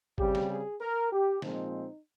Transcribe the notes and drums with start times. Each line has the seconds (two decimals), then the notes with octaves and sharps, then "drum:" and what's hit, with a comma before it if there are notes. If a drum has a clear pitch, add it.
0.18 C#3 G3 C4 G4, drum: kick G#1
0.35 drum: snare
0.50 G#4
0.80 A#4
1.12 G4
1.42 A#2 F3 G#3 C4 D#4, drum: snare